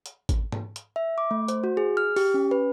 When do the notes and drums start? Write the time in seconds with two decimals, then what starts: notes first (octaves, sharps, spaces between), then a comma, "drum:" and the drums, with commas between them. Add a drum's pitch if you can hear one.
0.06 drum: hi-hat
0.29 drum: kick G#1, hi-hat
0.52 drum: tom G#2
0.76 drum: hi-hat
0.96 E5
1.18 D6
1.31 A3
1.48 C5, drum: hi-hat
1.64 F#4
1.77 G#4
1.97 F6
2.16 G4, drum: open hi-hat
2.34 C#4
2.51 B4